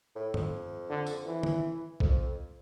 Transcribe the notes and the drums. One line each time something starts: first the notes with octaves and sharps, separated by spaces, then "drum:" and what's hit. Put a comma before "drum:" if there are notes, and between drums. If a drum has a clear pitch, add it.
A2
F2, drum: tom
D3
drum: tambourine
E3
drum: tom
F2, drum: kick B1